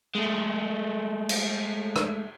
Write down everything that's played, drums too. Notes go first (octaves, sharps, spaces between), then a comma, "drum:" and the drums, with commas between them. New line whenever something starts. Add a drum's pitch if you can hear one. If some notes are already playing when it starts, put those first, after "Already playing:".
G#3 A3
drum: cymbal
drum: rim click